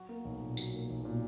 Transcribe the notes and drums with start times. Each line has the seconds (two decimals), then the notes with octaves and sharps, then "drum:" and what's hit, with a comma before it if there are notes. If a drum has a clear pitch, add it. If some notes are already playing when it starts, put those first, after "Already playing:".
Already playing: F#3 F#4
0.09 A#3
0.25 B1
0.41 A#2
0.57 F#3, drum: tambourine
0.74 A#3
0.90 B1
1.05 A#2